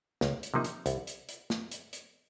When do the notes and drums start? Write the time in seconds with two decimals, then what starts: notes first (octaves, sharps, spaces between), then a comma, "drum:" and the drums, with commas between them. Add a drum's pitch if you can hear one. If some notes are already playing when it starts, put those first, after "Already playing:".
0.21 C#2, drum: snare
0.43 drum: hi-hat
0.54 C3 F3 A#3 D#4
0.64 drum: hi-hat
0.86 C2, drum: hi-hat
1.07 drum: hi-hat
1.29 drum: hi-hat
1.50 drum: snare
1.71 drum: hi-hat
1.93 drum: hi-hat